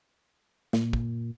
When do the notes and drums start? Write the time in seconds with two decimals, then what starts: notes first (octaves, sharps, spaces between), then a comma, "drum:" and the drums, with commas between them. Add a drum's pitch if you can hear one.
0.73 A#2, drum: snare
0.93 drum: kick